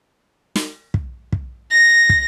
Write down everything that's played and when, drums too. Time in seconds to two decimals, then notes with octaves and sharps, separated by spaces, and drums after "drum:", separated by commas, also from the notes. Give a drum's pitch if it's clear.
0.56 drum: snare
0.94 drum: kick
1.33 drum: kick
1.71 A#6
2.09 drum: kick